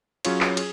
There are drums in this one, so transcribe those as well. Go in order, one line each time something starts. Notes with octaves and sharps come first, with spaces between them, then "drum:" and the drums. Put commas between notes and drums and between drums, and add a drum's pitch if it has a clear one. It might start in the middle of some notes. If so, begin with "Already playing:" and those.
F#3 C#4 F4 G#4 C#5, drum: cymbal
drum: clap
G#4, drum: cymbal